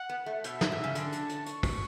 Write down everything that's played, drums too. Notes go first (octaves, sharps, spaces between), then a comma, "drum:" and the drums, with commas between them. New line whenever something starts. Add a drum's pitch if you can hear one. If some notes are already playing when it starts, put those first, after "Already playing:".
Already playing: F#5
B3
A3
B2 E5, drum: hi-hat
drum: snare
B2
C#3
D3 A5, drum: hi-hat
drum: hi-hat
drum: hi-hat
C#6, drum: hi-hat
drum: kick, open hi-hat